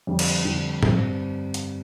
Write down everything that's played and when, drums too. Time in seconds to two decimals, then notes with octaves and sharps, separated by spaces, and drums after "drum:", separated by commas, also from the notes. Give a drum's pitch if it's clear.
0.07 F2 D3 G3 D4
0.19 drum: cymbal
0.45 F2 D3 G3 D4
0.83 G2 G3 C4, drum: tom A2
1.54 drum: hi-hat